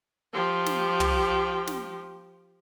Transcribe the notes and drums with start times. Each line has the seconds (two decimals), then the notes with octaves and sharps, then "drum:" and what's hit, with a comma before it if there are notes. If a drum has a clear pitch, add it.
0.33 F3 G4
0.66 drum: snare
1.00 drum: tom
1.67 drum: snare